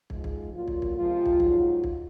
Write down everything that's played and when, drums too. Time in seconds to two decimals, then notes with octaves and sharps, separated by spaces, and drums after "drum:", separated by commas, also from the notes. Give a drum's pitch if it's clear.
0.10 G#2 F3 G#3, drum: kick
0.24 drum: kick
0.52 A#2 F#3 F4
0.68 drum: kick
0.82 drum: kick
0.96 C3 F3 G#3 F4
1.26 drum: kick
1.40 G#2 F#3, drum: kick
1.84 drum: kick